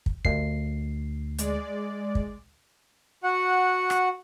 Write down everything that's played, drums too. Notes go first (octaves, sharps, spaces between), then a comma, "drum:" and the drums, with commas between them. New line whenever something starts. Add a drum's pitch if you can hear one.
drum: kick
D2 C7, drum: kick
G#3 D5, drum: hi-hat
drum: kick
F#4 F#5
drum: rim click